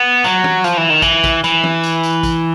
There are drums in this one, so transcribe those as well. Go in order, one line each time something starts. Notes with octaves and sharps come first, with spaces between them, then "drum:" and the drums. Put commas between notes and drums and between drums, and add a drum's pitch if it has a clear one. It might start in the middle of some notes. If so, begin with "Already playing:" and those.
Already playing: B3
F#3, drum: tambourine
drum: tom
F3, drum: tambourine
E3
D#3
E3, drum: kick, tambourine
drum: kick, tambourine
E3, drum: tambourine
drum: tom
drum: tambourine
drum: tambourine
drum: kick, tambourine